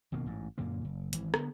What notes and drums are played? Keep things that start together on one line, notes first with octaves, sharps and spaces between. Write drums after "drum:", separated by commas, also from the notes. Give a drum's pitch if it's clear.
F#1 B2 D#3 A#3
A1 G#2
F#2 A#2 D3 A#3
F#1
G#1 E3, drum: hi-hat
D3 B3, drum: rim click